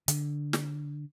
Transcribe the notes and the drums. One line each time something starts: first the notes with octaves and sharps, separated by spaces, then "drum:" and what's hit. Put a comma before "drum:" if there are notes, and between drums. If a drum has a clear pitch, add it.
D3, drum: hi-hat
drum: snare